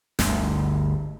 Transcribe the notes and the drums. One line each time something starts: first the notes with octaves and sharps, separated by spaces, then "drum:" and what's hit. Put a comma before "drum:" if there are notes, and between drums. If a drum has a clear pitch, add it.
G1 D2, drum: snare